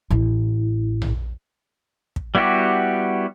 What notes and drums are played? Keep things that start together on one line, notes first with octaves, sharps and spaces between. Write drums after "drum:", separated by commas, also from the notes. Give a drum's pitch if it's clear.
A1 E4
drum: tom A#1
drum: kick
G3 B3 E4 F#4 G4